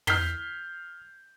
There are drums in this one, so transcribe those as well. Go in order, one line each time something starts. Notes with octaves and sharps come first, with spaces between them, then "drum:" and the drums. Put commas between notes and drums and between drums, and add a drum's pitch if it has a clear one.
F6 G6 B6 C7 G7, drum: tom